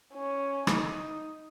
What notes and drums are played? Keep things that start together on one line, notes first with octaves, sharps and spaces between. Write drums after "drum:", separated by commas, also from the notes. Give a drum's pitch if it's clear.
C#4
D#4, drum: rim click